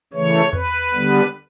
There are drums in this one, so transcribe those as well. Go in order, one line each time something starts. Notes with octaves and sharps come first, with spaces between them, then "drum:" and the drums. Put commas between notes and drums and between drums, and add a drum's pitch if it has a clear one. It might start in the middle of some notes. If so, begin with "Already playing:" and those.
C#3 E3 A3 C#5
B4, drum: tom E2
D3 G3 B3